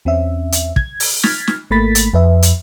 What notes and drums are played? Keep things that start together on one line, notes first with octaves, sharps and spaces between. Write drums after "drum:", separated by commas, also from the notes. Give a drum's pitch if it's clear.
E2 C4 C#4 E5
drum: hi-hat
G#6, drum: kick
drum: open hi-hat
F6 G#6 A6 B6, drum: snare
drum: snare
G#1 A3 A#3 B5 A6 B6
drum: hi-hat
F2 B4 E5
drum: hi-hat